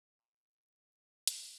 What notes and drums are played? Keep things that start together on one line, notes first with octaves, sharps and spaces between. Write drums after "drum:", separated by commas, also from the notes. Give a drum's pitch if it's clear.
A#2
drum: hi-hat